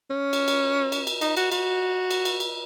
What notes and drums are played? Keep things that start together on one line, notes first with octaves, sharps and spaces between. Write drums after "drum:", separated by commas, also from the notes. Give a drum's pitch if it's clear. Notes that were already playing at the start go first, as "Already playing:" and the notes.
C#4
drum: cymbal
drum: cymbal
drum: cymbal
drum: cymbal
D#4, drum: cymbal
F#4, drum: cymbal
F#4, drum: cymbal
drum: cymbal
drum: cymbal
drum: cymbal